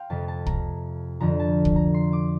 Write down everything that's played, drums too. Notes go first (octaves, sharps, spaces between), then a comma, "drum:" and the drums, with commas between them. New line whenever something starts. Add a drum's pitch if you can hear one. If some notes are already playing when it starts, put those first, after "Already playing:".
Already playing: F5 G5 C6
F2 C3 F3 A5
A5
A#5, drum: kick
F2 D3 F3 A#5
A5
drum: kick
A#5
C6
D6